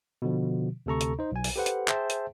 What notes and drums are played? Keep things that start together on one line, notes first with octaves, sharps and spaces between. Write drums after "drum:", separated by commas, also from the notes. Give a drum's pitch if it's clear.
B2 D3 F3
D2 C3 A4 A#5 C#6
drum: hi-hat
D#4 C5
B1 G#5
drum: open hi-hat
G4 A4 B4 C5 F#5
drum: hi-hat
G#4 C5 E5 G5 A5, drum: clap
drum: hi-hat